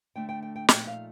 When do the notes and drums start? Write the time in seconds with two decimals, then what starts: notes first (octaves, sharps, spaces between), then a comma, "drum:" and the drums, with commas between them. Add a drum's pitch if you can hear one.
0.16 D2 D3 A3 D4 G5
0.29 G5
0.43 G5
0.56 G5
0.69 A#2 F3 A3 D#4 G5, drum: snare
0.87 F5